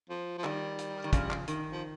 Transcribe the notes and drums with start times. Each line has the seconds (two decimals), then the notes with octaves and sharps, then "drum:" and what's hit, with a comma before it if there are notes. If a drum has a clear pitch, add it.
0.10 F3
0.38 F3
0.44 D#3 G3, drum: clap
0.79 drum: hi-hat
1.04 D#3
1.13 C#3 F3, drum: kick, hi-hat
1.30 drum: clap
1.48 D#3, drum: hi-hat
1.72 F3